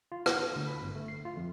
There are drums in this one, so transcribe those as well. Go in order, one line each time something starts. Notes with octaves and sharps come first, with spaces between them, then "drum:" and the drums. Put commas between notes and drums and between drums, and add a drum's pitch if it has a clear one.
F4
F#5, drum: rim click
A4
D2
B5
G1
A3
C7
F4
F2